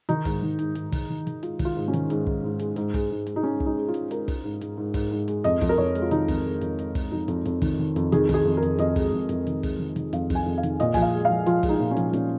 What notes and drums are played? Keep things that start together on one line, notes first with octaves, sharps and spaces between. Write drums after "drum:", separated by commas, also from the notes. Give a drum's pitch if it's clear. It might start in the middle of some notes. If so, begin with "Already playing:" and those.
D#3 D#4, drum: hi-hat
G#2, drum: kick, open hi-hat
D#3
G#2, drum: hi-hat
G#2, drum: hi-hat
D#3, drum: kick, open hi-hat
D#3
D#3, drum: hi-hat
G#3 F4, drum: hi-hat
D#3, drum: kick, open hi-hat
F4
G#2
C#4
D#3, drum: hi-hat
G#2, drum: hi-hat
G#3, drum: kick
G#2
G#3, drum: hi-hat
G#2, drum: hi-hat
G#3, drum: kick, open hi-hat
G#2
G#3, drum: hi-hat
D#4
G#3 C#4
G#3, drum: kick
D#4
G#3
F4
G#3, drum: hi-hat
G#3 A#4, drum: hi-hat
G#3, drum: kick, open hi-hat
G#2
G#2, drum: hi-hat
G#2
G#2, drum: kick, open hi-hat
G#2
G#3, drum: hi-hat
F2 D#5, drum: hi-hat
F2, drum: kick, open hi-hat
A#4
F2 C#5
G#3, drum: hi-hat
F4
D#3 D#4, drum: hi-hat
F2, drum: kick, open hi-hat
G#3
F2, drum: hi-hat
G#3, drum: hi-hat
G#3, drum: kick, open hi-hat
F2 D#4
F2, drum: hi-hat
F2, drum: hi-hat
D#3, drum: kick, open hi-hat
D#3
F2, drum: hi-hat
D#3 G#4, drum: hi-hat
D#3 G#4, drum: kick, open hi-hat
F2
A#4
F2, drum: hi-hat
F2 D#5, drum: hi-hat
G#3, drum: kick, open hi-hat
F2
F2, drum: hi-hat
D#3, drum: hi-hat
G#3, drum: kick, open hi-hat
D#3
D#3, drum: hi-hat
F2 F5, drum: hi-hat
F2, drum: kick, open hi-hat
G#5
F2
F5
D#3, drum: hi-hat
A#2 D#5, drum: hi-hat
F3 G#5, drum: kick, open hi-hat
F5
G#3
F3 F5
F3 F4, drum: hi-hat
G#3, drum: kick, open hi-hat
D#4
A#2
C#4
F3, drum: hi-hat
A#2 C#4, drum: hi-hat